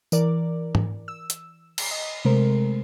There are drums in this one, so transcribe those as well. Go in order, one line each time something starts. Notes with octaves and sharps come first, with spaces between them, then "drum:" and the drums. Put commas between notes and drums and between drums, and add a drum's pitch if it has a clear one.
E3 A#4 D5, drum: tambourine
drum: tom G#2
E6
drum: hi-hat
drum: cymbal
D#5
C3 G#3 A3 A#4 C5